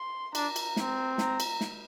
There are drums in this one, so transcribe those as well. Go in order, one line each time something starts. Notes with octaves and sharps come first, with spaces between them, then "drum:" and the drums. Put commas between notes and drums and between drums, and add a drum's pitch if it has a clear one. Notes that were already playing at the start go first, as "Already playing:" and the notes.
Already playing: C6
D4 A#5, drum: cymbal
drum: cymbal
C4, drum: snare
A#5, drum: snare
drum: cymbal
drum: snare